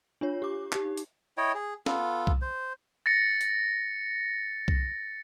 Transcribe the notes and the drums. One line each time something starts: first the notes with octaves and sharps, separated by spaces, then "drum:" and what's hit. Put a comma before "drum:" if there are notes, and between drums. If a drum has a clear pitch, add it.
D4 F4 C#5
G4 D6
D#4 G4, drum: clap
drum: hi-hat
E4 C#5 D#5 G5
G#4
B3 F4 A4, drum: snare C#4
drum: kick C2
C5
A6 A#6 C#7
drum: hi-hat
drum: kick C2